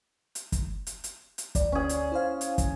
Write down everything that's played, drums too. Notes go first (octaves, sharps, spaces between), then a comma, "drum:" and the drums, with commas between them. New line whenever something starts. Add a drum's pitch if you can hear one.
drum: hi-hat
drum: kick, hi-hat
drum: hi-hat
drum: hi-hat
drum: hi-hat
D2 D5, drum: kick, hi-hat
C#4 G#4
drum: hi-hat
E4 C5 F5
drum: hi-hat
drum: kick, hi-hat